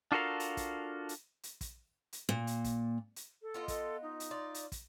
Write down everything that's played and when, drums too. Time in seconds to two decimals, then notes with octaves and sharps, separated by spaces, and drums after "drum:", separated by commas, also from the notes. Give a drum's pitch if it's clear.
0.12 D4 F4 F#4 A4 A#4 F5
0.40 drum: hi-hat
0.57 drum: kick, hi-hat
1.09 drum: hi-hat
1.43 drum: hi-hat
1.61 drum: kick, hi-hat
2.13 drum: hi-hat
2.29 A#2
2.47 drum: hi-hat
2.64 drum: kick, hi-hat
3.16 drum: hi-hat
3.42 A4
3.54 B3 F4 D#5
3.68 A4, drum: kick, hi-hat
4.02 D#4
4.20 drum: hi-hat
4.31 F4 D5
4.54 drum: hi-hat
4.72 drum: kick, hi-hat